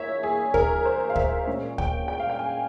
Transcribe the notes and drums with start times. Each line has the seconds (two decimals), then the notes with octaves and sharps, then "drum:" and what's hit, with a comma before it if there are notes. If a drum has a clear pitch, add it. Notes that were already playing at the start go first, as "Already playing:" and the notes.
Already playing: E3 A#3 F4 C#5 E5
0.23 G#4
0.54 A#4, drum: kick
0.85 C5
1.10 F5
1.16 E5, drum: kick
1.47 A#2 G#3 C#4
1.78 G5, drum: kick
2.08 G5
2.19 F5
2.30 G5
2.39 G#5